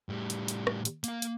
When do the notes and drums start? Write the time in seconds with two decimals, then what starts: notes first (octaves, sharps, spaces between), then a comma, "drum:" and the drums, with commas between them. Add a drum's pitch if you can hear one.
0.09 A2 G3
0.30 drum: hi-hat
0.48 drum: hi-hat
0.67 drum: rim click
0.85 drum: hi-hat
1.04 A#3 F5, drum: hi-hat
1.22 drum: hi-hat